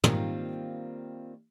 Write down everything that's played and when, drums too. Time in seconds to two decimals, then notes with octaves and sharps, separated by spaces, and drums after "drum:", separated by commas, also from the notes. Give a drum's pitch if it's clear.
0.04 D#3 G3 A#3 C4 F4, drum: tom